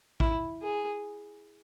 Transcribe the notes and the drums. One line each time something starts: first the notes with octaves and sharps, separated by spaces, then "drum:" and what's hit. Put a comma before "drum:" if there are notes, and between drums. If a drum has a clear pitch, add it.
E4, drum: kick A1
G#4